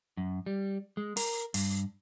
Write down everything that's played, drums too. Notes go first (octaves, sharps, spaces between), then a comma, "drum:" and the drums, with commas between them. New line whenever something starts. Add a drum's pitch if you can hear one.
F#2
G3
G#3
A#4, drum: open hi-hat
G2, drum: open hi-hat